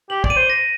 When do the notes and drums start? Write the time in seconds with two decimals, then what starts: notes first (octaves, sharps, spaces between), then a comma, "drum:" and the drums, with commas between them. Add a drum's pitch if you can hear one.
0.10 G4 F#7
0.24 D5, drum: kick
0.30 D#7
0.36 C5
0.50 A#6